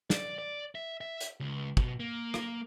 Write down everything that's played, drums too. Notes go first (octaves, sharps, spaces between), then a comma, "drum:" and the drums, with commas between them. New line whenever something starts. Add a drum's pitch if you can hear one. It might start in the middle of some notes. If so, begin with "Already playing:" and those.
D5, drum: snare
D5
E5
E5
drum: hi-hat
C#2
B2, drum: kick
A#3
drum: rim click